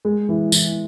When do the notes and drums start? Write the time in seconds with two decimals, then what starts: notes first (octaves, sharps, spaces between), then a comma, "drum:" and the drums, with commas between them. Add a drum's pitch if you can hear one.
0.05 G#3
0.29 E3
0.52 E3, drum: tambourine